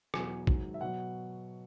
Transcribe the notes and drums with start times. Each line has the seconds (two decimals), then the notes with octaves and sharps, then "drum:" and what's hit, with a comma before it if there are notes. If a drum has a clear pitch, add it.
0.14 E2 B2 F#3 G#5, drum: rim click
0.47 G#2 D#3 F#3, drum: kick
0.74 E5
0.81 B2 F#3 F#5